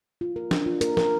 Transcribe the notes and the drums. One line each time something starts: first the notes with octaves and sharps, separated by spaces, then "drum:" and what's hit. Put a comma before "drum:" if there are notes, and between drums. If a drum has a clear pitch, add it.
F4
A#4
D4, drum: snare
F4
A#4, drum: hi-hat
A#4, drum: snare